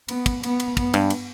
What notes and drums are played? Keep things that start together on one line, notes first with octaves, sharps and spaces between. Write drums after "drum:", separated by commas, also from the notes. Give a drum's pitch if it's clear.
B3, drum: cymbal
drum: kick, cymbal
B3, drum: cymbal
drum: cymbal
F#2 B3, drum: kick, cymbal
G2, drum: cymbal
drum: cymbal